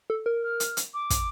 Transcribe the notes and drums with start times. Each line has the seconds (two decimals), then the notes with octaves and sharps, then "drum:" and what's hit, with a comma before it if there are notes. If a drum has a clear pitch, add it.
0.10 A4
0.26 A#4
0.43 F6
0.60 drum: hi-hat
0.77 drum: hi-hat
0.94 D6
1.10 drum: kick, hi-hat